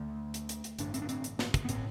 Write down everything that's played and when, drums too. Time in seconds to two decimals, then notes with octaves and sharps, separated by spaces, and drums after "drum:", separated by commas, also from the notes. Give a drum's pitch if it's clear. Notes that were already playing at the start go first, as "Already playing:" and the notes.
Already playing: D2 D3 A3
0.34 drum: hi-hat
0.49 drum: hi-hat
0.64 drum: hi-hat
0.79 A1 G2 D3 D4, drum: hi-hat
0.94 C4, drum: hi-hat
1.02 D4
1.09 C4, drum: hi-hat
1.24 drum: hi-hat
1.39 drum: snare
1.54 drum: kick, hi-hat
1.65 B3
1.69 A2 C4, drum: hi-hat